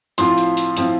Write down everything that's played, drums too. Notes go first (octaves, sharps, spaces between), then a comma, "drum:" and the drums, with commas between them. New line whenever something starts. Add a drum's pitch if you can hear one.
A2 F3 C4 F4 C6, drum: hi-hat
drum: hi-hat
drum: hi-hat
A2 F3 C4 F4, drum: hi-hat